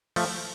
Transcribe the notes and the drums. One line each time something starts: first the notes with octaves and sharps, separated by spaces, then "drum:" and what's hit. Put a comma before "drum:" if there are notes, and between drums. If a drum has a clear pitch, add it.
F3 A3, drum: open hi-hat